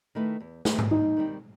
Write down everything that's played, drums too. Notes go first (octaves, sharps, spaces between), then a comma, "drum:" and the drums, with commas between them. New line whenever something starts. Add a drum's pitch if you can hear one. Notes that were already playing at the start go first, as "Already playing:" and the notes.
D#3 A3 E4 B4
E2
D#3 A3 E4 B4, drum: snare
drum: tom G#2
D#2 D#4
D#3 G3 C4